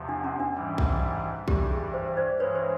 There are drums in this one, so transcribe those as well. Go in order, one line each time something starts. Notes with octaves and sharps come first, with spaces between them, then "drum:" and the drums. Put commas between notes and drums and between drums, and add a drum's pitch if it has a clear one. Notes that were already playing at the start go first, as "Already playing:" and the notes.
Already playing: E2 C3 F3
D4
C#4
D4
G#2 E3 G3
drum: kick B1
G2 E3 G3 G4, drum: kick B1
G#4
C5
C5 D5
G2 E3 G#3 B4 C#5
C5